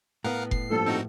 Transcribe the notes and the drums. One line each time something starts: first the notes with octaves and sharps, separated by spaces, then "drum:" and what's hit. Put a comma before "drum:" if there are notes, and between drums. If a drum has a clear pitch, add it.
A2 B3 A#4 F5 F#5
C7, drum: kick F1
G2 A#2 F3 A4
C4 D#4 F#4